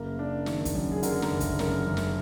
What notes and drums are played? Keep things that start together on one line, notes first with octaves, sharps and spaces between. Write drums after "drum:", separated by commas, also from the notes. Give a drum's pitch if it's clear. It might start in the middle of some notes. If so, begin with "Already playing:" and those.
Already playing: F#1 A#3 A#4
D4
D#3, drum: snare
drum: kick, hi-hat
F#2
G#4
D3 A#4, drum: hi-hat
A#4, drum: snare
F#1
drum: kick, hi-hat
F#2 A#4, drum: snare
F#1
drum: snare